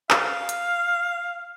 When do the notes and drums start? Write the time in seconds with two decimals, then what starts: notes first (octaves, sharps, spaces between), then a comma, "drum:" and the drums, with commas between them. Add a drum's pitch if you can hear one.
0.10 F5, drum: clap
0.49 drum: hi-hat